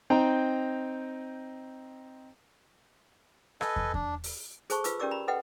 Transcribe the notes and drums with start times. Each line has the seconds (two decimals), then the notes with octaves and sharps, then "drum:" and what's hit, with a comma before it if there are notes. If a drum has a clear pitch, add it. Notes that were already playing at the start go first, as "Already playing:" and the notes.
0.10 C4 D#4 G5 A#5
3.61 A4 B4 D#5 G#5, drum: rim click
3.76 drum: kick
3.94 D4, drum: kick
4.24 drum: open hi-hat
4.70 G#4 A4 C5 A5 C#6, drum: hi-hat
4.84 F4 B4 D6 E6, drum: hi-hat
5.00 C#4 G4 A#4 D5 D6 E6
5.11 A#5 B5
5.28 A4 B4 D#5 F#5 G5